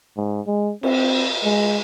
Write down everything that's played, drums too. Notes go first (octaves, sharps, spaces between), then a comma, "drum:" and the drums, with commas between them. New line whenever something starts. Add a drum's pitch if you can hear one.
G#2
G#3
C4, drum: cymbal
G#3